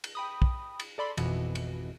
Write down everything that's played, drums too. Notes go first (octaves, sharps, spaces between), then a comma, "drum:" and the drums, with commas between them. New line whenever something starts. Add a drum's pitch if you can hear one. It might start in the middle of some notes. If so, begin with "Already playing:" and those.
drum: cymbal
G5 B5 D#6
drum: kick
drum: cymbal
A4 D5 B5 C6
G#1 F2 B2 E3, drum: cymbal
drum: cymbal